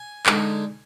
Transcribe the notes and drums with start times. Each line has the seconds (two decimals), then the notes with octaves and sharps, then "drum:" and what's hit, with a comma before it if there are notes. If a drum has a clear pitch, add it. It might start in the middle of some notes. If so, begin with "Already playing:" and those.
Already playing: G#5
0.26 D3 G#3 D#4, drum: clap